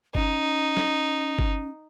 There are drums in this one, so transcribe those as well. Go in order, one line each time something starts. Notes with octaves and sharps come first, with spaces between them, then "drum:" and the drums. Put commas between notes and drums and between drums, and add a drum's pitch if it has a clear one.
C#4 D#4, drum: kick G1
drum: snare
drum: kick G1